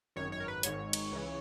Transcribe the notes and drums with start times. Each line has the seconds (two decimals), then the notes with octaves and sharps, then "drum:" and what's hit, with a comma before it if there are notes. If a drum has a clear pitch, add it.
0.16 G#1 F#2 D#3 C#5
0.32 C#5
0.40 A#4
0.48 B4
0.63 G#1 G#2 D#3 C#5, drum: hi-hat
0.93 drum: cymbal
1.12 C#2 C#3 E3